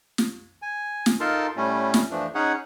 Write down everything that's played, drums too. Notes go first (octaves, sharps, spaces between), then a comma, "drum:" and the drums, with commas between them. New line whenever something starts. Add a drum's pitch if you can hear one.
drum: snare
G#5
drum: snare
D#4 F4 A4 A#4 A5 C6
A2 G3 A3 C#4
drum: snare
E3 F3 A3 D4
C#4 D#4 G#4 C#5 F#5